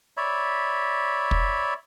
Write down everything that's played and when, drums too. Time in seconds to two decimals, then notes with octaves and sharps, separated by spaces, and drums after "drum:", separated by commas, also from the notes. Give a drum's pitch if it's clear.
0.17 C#5 D5 E5 B5
1.31 drum: kick